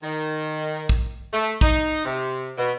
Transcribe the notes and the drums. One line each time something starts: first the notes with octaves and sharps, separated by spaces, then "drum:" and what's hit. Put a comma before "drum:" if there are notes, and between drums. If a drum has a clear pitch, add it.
D#3
drum: kick
A3
D#4, drum: kick
C3
B2